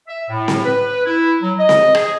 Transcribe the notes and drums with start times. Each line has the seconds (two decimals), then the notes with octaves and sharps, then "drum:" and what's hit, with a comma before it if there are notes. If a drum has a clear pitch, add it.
0.08 E5
0.29 A2
0.48 drum: snare C4
0.65 B4
1.06 E4
1.42 F#3
1.59 D#5
1.69 drum: snare C4
1.95 G#4, drum: rim click